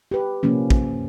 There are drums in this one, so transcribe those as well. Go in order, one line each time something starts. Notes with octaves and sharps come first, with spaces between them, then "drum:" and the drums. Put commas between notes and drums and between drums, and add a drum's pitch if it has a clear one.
G4 B4
C3 F3 A#3 C#4
drum: kick